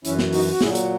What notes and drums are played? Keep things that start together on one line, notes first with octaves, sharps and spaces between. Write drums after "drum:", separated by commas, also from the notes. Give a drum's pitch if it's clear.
F#2 E3 C#4 E4, drum: hi-hat
drum: snare
D#4 F#4, drum: open hi-hat
F#4
A#2 F#3 E4 G#4, drum: snare
drum: hi-hat